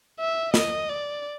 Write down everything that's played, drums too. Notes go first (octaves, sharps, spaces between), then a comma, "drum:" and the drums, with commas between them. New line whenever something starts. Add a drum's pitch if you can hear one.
E5
D#5, drum: snare
D5